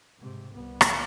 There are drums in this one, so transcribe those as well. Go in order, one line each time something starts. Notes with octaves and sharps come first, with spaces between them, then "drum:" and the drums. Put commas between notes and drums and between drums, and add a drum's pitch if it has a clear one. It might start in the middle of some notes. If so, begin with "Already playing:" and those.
G#2 C3
C2 B3
drum: rim click